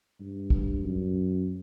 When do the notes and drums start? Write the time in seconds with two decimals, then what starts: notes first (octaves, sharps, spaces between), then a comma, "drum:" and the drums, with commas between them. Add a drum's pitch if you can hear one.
0.21 G2
0.50 drum: kick
0.84 F#2